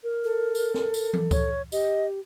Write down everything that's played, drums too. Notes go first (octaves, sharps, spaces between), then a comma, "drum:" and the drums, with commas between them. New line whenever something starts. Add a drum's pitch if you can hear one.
A#4
A4
drum: tambourine
drum: snare
drum: tambourine
drum: tom E3
C#5, drum: kick C#2, tambourine
G4 D#5, drum: tambourine